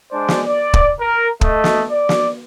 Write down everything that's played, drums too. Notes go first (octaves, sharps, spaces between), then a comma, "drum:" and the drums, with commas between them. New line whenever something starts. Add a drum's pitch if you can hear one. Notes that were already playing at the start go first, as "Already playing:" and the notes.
G#3 D4 C5 D5
drum: snare
D5
drum: kick
A#4
A3 D#5, drum: kick
drum: snare
D5
drum: snare